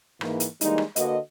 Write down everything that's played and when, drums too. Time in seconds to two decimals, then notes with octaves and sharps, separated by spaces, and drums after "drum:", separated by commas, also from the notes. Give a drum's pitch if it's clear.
0.21 G#2 E3 A#3, drum: rim click
0.40 drum: hi-hat
0.61 E3 G3 G#3 A#3 D#4, drum: hi-hat
0.78 drum: rim click
0.96 D3 A#3 F#4 B4 D#5, drum: hi-hat